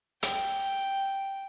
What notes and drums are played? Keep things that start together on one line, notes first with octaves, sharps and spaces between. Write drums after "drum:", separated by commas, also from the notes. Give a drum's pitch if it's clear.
G5, drum: hi-hat